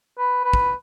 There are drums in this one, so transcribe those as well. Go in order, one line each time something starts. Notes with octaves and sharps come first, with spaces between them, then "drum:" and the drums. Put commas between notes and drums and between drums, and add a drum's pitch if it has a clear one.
B4
B4
drum: kick